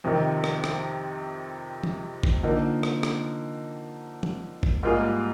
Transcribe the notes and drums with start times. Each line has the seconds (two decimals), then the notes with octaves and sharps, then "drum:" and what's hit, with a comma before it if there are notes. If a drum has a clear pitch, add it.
0.04 F2 C3 D#3
0.44 drum: rim click
0.64 drum: rim click
1.84 drum: tom F3
2.23 drum: kick
2.43 D3 F3 A#3 D#4
2.83 drum: rim click
3.03 drum: rim click
4.23 drum: tom F3
4.63 drum: kick
4.83 G#2 G3 A#3 F4 G#4